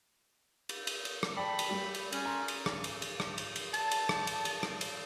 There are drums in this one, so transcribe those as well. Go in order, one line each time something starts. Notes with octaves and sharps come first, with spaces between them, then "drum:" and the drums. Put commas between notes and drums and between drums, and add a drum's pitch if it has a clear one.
drum: cymbal
drum: cymbal
drum: cymbal
drum: rim click
D5 G5 A5 B5
drum: cymbal
G3 G4
drum: cymbal
C#4, drum: cymbal
A#5 C6
drum: cymbal
drum: rim click
drum: cymbal
drum: cymbal
drum: rim click
drum: cymbal
drum: cymbal
A5, drum: cymbal
drum: cymbal
drum: rim click
drum: cymbal
drum: cymbal
drum: rim click
drum: cymbal